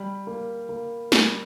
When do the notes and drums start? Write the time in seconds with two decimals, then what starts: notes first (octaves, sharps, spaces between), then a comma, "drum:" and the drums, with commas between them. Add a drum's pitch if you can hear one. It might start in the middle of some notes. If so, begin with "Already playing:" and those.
Already playing: G3
0.27 A#3
0.69 A#3
1.12 G3, drum: snare